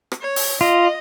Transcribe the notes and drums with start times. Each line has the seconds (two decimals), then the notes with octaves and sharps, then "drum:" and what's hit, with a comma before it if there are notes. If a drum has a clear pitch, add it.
0.12 drum: rim click
0.21 C#5
0.36 drum: open hi-hat
0.61 F4 D#5